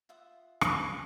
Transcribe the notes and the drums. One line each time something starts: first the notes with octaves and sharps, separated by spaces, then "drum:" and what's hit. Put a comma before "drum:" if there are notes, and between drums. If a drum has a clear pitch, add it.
F4 E5 F#5 D#6
drum: rim click